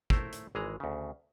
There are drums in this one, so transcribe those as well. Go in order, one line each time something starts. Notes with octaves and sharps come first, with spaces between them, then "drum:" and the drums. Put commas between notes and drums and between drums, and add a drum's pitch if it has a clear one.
A3 E4 A#4 C5, drum: kick
drum: hi-hat
G#1 E3 G#3 G#4 A#5
D2 C#3